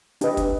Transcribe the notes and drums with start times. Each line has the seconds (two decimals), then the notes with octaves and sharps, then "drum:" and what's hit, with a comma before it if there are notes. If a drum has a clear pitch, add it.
0.21 D4 G4 B4 D#5, drum: hi-hat
0.37 drum: kick, hi-hat